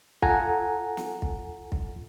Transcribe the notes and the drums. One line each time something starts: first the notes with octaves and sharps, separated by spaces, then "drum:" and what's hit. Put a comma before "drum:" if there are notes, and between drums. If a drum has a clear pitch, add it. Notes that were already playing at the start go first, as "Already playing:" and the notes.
F4 A4 F#5 G#5 A#5, drum: kick
drum: snare
drum: kick
drum: kick